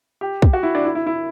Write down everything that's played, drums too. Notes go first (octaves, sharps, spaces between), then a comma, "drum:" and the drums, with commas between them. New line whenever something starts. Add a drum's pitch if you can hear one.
G4
drum: kick
F#4
E4
D4
E4
E4
E4